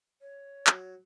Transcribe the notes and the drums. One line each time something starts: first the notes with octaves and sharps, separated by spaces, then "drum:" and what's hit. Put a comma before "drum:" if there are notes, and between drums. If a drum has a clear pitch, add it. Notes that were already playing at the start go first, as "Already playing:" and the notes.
C#5
F#3, drum: clap